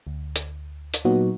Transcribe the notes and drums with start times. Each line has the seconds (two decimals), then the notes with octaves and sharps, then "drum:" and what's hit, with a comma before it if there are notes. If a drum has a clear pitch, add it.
0.07 D2
0.36 drum: hi-hat
0.94 drum: hi-hat
1.05 A#2 F#3 B3 D#4 F#4